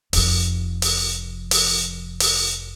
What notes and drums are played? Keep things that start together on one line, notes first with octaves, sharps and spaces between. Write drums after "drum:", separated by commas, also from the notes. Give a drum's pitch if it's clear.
F1 F3, drum: open hi-hat
drum: open hi-hat
drum: open hi-hat
drum: open hi-hat